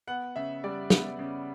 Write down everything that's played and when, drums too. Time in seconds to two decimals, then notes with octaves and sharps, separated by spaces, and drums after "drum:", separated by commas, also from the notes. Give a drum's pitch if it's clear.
0.08 B3 F#5
0.36 C#3 E5
0.64 G3 D5
0.90 B3, drum: snare
1.19 C#3